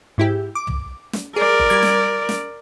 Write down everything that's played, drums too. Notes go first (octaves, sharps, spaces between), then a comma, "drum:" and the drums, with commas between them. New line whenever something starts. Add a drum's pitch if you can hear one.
G#2 E4 G4
D6
drum: tom
drum: snare
G#4 A#4 D5
drum: kick F#1
G3 G#6
drum: snare
drum: snare